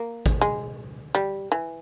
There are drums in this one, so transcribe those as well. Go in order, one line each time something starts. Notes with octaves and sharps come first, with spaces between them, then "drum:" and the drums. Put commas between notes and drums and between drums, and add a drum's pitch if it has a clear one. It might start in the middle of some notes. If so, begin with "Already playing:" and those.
Already playing: A#3
drum: kick G#1
G#3
G3
E3